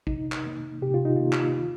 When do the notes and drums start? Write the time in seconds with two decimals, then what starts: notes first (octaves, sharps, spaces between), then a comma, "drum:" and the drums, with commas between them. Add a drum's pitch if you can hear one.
0.07 C3 D#4, drum: kick
0.32 drum: clap
0.44 D#3 A#3
0.82 C3 G4
0.94 F4
1.05 D#4
1.16 D#3 A#3 F4
1.33 drum: clap
1.57 D#3